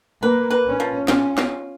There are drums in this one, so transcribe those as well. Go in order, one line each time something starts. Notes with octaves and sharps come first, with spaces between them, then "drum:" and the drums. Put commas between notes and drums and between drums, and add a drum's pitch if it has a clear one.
A#3 B4
B4
C#4
F3
C#4 F4, drum: snare
F4, drum: snare